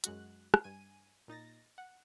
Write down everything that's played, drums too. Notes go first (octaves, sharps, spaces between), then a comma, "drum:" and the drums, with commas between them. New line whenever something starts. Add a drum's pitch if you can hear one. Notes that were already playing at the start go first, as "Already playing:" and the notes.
F#2 G#3 F#4 F#6, drum: hi-hat
drum: rim click
G2 G#5 D#7
A#2 D#4 A6 A#6
F#5